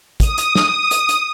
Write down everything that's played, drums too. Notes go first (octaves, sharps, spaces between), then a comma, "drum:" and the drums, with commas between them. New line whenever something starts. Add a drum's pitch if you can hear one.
D#6, drum: kick, hi-hat
drum: hi-hat
drum: snare
drum: hi-hat
drum: hi-hat